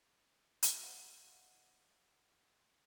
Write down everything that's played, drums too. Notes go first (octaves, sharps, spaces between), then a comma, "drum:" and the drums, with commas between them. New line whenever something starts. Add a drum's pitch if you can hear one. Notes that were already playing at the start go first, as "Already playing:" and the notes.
drum: hi-hat
C5 D#5 F5 F#5